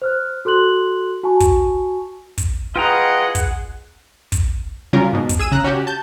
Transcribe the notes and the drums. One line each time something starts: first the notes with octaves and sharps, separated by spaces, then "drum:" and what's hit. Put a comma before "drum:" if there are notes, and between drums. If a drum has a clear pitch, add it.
C5 F6 F#6
F#4 A4 C6 F#6 F#7
F#4 G#5 A5 C#6
drum: kick, hi-hat
drum: kick, hi-hat
F4 G#4 B4 D#5 F#5 G5 A#5
drum: kick, hi-hat
drum: kick, hi-hat
C#3 F#3 G3 C#4 F4 A#4
G#2 B2
drum: kick, hi-hat
G#4 E6 D#7
C#3 A#5 F#6
C#4 F#4 G4
A5 G6